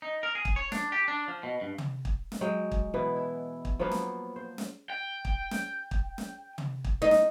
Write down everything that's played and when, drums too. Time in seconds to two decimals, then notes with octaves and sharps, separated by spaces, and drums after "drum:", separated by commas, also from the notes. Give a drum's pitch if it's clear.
0.02 D#4
0.23 A#4
0.35 G#4
0.45 drum: kick
0.56 C#5
0.72 D4, drum: snare
0.92 G4
1.08 D4
1.28 F3
1.43 B2
1.61 G2
1.78 drum: tom
2.05 drum: kick
2.32 drum: snare
2.41 F#3 G#3 G5
2.72 drum: kick
2.94 B2 E3 B3
3.16 E4
3.65 drum: kick
3.79 F3 F#3 A#3 B3
3.91 drum: snare
4.36 C5
4.58 drum: snare
4.90 G5
5.25 drum: kick
5.51 drum: snare
5.91 drum: kick
6.18 drum: snare
6.58 drum: tom
6.85 drum: kick
7.02 D#4
7.11 drum: snare